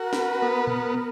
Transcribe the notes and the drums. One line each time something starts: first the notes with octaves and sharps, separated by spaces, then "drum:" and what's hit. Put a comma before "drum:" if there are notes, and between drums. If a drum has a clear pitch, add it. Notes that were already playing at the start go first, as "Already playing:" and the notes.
Already playing: F#4 A#4
B4, drum: snare
B3
drum: tom A#2